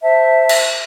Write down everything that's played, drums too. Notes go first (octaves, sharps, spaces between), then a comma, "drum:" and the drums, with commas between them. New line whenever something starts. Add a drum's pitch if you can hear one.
C5 E5 A5
drum: cymbal